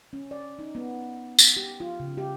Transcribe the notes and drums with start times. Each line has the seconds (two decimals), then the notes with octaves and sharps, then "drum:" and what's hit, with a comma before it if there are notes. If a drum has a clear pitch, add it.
0.13 C#4
0.31 D5
0.59 D#4
0.75 B3
1.39 drum: tambourine
1.56 G4
1.80 F4
2.00 C#3
2.18 G4